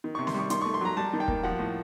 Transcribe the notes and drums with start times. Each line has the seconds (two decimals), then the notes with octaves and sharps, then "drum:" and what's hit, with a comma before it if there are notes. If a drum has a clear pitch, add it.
0.04 D#3
0.15 C3 C#6
0.27 C6, drum: snare
0.34 G3 C#6
0.50 D#3 C6, drum: hi-hat
0.62 A3 C#6
0.74 C6
0.81 F#3 A#5
0.97 G3 A5
1.13 D#3
1.20 G5
1.28 A#3, drum: kick
1.44 F3 F#5
1.59 A2